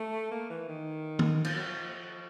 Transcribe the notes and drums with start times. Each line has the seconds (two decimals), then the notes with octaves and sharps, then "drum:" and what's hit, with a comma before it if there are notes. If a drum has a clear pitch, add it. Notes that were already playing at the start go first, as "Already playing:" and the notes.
Already playing: A3
0.31 A#3
0.50 E3
0.68 D#3
1.19 drum: tom
1.45 F3, drum: cymbal
1.54 F#3
1.65 F3